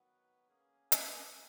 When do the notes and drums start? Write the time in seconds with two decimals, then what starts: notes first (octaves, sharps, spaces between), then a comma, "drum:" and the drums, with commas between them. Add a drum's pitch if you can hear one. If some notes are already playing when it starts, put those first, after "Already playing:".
Already playing: D#3 F#3 B3 F#4 B4 F#5
0.49 A#3 C#4 G#4
0.92 drum: hi-hat